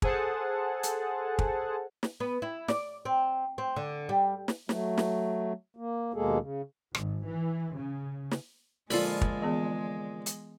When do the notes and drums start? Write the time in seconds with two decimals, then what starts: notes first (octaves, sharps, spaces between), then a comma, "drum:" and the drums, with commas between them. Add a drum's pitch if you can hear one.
0.02 G#4 A4 C5 F#5 A5, drum: kick
0.83 drum: hi-hat
1.39 drum: kick
2.03 drum: snare
2.20 B3
2.42 E4
2.68 D5, drum: snare
3.05 C4
3.58 C4
3.76 D3
4.09 G3
4.48 drum: snare
4.69 F#3 A3, drum: snare
4.98 drum: snare
5.77 A#3
6.14 D#2 B2 G#3 A#3 G#4 A4
6.38 C#3
6.95 G#1, drum: rim click
7.27 E3
7.75 C#3
8.31 drum: snare
8.90 A#2 D3 F3 G#3 F4 A4 B5, drum: open hi-hat
9.21 drum: kick
9.42 E3 B3 G#4
10.26 drum: hi-hat